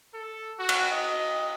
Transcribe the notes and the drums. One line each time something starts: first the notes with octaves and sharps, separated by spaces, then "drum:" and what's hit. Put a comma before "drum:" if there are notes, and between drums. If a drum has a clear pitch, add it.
A4
F#4
drum: cymbal
D#5